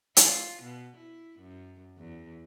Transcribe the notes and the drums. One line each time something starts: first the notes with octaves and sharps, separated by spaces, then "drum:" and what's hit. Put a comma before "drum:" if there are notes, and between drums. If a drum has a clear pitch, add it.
F4, drum: hi-hat
B2
E4
F#2
E2